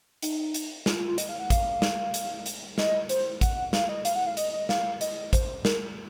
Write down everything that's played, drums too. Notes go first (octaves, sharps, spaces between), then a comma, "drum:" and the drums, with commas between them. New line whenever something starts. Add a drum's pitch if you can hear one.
D#4, drum: hi-hat
drum: hi-hat
F4, drum: snare
F4
F4
D#5, drum: hi-hat
F5
F#5
F5, drum: kick A1, hi-hat
drum: snare
drum: hi-hat
drum: hi-hat
D#5, drum: snare
C5, drum: hi-hat
F#5, drum: kick A1, hi-hat
F5, drum: snare
D#5
F5, drum: hi-hat
F#5
F5
D#5, drum: hi-hat
D#5
F5, drum: snare
D#5, drum: hi-hat
C5, drum: kick A1, hi-hat
A#4, drum: snare